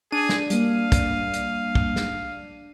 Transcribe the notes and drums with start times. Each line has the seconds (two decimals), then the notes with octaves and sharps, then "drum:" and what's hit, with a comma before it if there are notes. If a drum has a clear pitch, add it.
0.12 D4 G#4 D#7
0.29 drum: snare
0.50 G3 A#3 F5, drum: hi-hat
0.92 drum: kick, hi-hat
1.34 drum: hi-hat
1.75 drum: kick
1.96 drum: snare